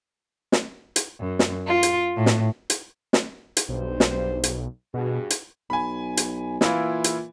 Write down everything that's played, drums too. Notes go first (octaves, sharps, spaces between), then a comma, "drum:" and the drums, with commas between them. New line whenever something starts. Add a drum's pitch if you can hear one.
drum: snare
drum: hi-hat
F#2
drum: snare
F4
drum: hi-hat
A2
drum: snare
drum: hi-hat
drum: snare
drum: hi-hat
B1 G2 C5
drum: snare
drum: hi-hat
G2 B2 F#4 G#4
drum: hi-hat
B1 G#5 B5
drum: hi-hat
A#2 E3 E4 F4, drum: snare
drum: hi-hat